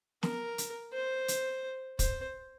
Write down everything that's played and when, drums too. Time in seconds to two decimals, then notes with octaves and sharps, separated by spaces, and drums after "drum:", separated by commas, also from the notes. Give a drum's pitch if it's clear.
0.23 A#4, drum: snare
0.58 drum: hi-hat
0.93 C5
1.28 drum: hi-hat
1.99 C5, drum: kick, hi-hat